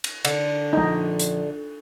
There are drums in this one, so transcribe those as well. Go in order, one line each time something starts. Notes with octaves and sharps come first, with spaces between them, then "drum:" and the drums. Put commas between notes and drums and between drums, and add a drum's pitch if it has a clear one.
drum: cymbal
D3, drum: cymbal
A#1 D#4 G6
drum: hi-hat